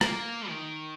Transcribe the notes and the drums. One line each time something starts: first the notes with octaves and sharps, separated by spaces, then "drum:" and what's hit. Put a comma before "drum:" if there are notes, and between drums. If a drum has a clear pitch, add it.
A#3, drum: rim click
D#3